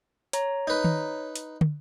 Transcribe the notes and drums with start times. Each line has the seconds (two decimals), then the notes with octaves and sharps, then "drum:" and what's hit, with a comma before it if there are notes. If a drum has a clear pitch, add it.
0.33 C#5 A#5, drum: hi-hat
0.67 D#4 B4
0.84 drum: tom D#3
1.36 drum: hi-hat
1.61 drum: tom